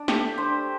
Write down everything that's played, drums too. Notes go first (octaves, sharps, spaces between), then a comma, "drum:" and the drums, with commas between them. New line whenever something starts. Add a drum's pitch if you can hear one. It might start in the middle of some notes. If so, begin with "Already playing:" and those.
Already playing: D4
A3 G4, drum: snare
D4 C5